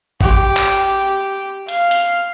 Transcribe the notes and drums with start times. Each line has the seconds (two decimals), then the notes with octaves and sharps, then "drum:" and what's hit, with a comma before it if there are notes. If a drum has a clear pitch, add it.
0.21 G4, drum: kick G#1
0.56 drum: clap
1.69 F5, drum: hi-hat
1.91 drum: hi-hat